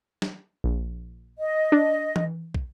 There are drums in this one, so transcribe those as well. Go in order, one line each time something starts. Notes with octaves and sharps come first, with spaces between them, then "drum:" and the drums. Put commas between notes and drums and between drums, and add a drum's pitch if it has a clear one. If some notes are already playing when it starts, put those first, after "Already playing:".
drum: snare
A#1
D#5
D4
drum: tom E3
drum: kick